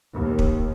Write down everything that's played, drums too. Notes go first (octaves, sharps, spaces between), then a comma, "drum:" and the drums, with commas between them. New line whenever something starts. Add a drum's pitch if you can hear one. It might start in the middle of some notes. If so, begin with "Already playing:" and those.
D#2
drum: kick